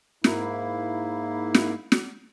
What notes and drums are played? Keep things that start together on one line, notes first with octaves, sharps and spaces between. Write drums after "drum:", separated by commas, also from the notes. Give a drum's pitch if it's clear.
G#2 A#3 E4, drum: snare
drum: snare
drum: snare